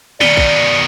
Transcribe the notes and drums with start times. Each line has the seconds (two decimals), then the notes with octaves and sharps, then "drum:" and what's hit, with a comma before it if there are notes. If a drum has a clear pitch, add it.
0.21 B2 D#3 D5 C#7 D#7 G7, drum: tom
0.37 drum: kick A#1